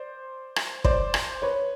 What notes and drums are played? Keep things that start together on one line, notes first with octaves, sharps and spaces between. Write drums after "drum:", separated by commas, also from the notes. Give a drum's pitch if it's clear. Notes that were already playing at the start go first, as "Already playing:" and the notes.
Already playing: C5 D5
drum: rim click
C5 D5, drum: kick
drum: rim click
B4 C#5